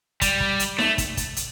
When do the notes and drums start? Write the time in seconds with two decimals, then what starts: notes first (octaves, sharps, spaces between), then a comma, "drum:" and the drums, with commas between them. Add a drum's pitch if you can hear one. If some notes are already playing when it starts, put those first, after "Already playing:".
0.21 G3, drum: kick, hi-hat
0.40 drum: kick
0.60 drum: hi-hat
0.78 A3, drum: snare D#4
0.98 drum: kick, hi-hat
1.17 drum: kick, hi-hat
1.37 drum: hi-hat